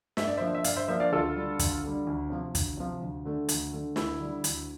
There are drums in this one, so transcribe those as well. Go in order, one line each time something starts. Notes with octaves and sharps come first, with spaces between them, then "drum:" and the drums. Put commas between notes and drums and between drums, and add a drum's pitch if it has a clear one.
G2 E5, drum: snare
D5
F3 A#3 D4 C5 E5
E5
G2 D5 F5, drum: hi-hat
C5 E5
F3 A#3 D4 C5 E5
D5 F5
D2 F4 A4
D3 G3
D2, drum: kick, hi-hat
D3 G3
D2
C3 F3
D2, drum: kick, hi-hat
C3 F3
D2
D3 A3
D2, drum: hi-hat
D3 A3
D2 E4, drum: snare
D3 G3
D2, drum: hi-hat